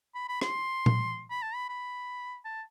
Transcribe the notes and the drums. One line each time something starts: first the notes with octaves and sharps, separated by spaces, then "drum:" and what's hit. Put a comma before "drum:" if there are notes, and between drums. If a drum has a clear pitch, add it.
B5
B5
C6, drum: rim click
drum: tom A#2
B5
A5
B5
B5
A5